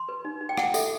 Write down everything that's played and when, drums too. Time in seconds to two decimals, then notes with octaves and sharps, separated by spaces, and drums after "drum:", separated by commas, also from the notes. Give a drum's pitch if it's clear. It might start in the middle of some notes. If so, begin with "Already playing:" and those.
Already playing: C6
0.09 B4
0.25 D#4
0.41 D#4
0.49 G5
0.57 E4 F#5, drum: rim click
0.74 A4 E5, drum: tambourine